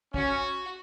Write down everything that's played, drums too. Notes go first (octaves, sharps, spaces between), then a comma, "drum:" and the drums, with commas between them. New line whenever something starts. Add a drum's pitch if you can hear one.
C#4 F#4, drum: kick